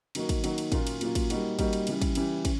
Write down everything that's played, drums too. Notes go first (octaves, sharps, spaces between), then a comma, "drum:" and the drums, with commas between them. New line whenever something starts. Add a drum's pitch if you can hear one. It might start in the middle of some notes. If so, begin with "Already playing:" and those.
D#3 F#3 A#3 D#4 F#4, drum: cymbal
drum: kick, cymbal
D#3 F#3 A#3 D#4 F#4, drum: cymbal
drum: cymbal
A#2 F#3 A#3 C#4 F4, drum: kick, cymbal
drum: cymbal
A#2 F#3 A#3 C#4 F4, drum: cymbal
drum: kick, cymbal
G3 A#3 D#4 F#4, drum: cymbal
G3 A#3 D#4 F#4, drum: kick, cymbal
drum: cymbal
C#3 E3 G3, drum: cymbal
drum: kick, cymbal
C#3 E3 G3, drum: cymbal
C#4, drum: kick, cymbal